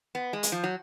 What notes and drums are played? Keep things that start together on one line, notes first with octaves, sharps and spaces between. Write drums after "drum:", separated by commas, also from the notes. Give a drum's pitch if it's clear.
B3
G#3
drum: hi-hat
F3
F#3